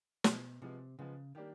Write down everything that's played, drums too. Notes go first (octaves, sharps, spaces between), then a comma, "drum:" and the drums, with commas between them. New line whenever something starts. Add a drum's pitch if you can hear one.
B2 F3 G#3 B3, drum: snare
C3 F3 G#3 B3
C#3 F3 G#3 B3
D#3 G3 A#3 D4 G4